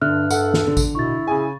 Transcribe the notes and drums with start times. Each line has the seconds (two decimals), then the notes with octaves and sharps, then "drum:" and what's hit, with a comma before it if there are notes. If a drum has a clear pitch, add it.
0.02 G2 D3 E5 F6 F#6
0.31 A4 F#5, drum: tambourine
0.54 drum: snare
0.67 D3
0.77 drum: kick G#1, tambourine
0.95 B2 E4 C#6 A6
1.28 C#3 G#4 G#5